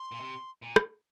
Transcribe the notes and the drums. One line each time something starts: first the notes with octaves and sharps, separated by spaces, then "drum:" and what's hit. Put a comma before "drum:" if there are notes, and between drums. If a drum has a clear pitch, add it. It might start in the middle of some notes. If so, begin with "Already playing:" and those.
Already playing: C6
A#2
C3
A#2
drum: rim click